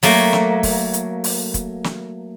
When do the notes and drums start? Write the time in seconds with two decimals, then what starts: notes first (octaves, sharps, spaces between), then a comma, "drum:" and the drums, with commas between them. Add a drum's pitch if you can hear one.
0.03 F#3 A3 A#3, drum: open hi-hat
0.33 drum: snare
0.63 drum: kick, open hi-hat
0.93 drum: hi-hat
1.24 drum: open hi-hat
1.54 drum: kick, hi-hat
1.84 drum: snare